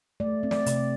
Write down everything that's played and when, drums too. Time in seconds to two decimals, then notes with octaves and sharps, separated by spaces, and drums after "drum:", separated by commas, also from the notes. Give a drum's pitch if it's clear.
0.20 A3 D5
0.43 C4
0.51 D5, drum: snare
0.66 C3, drum: hi-hat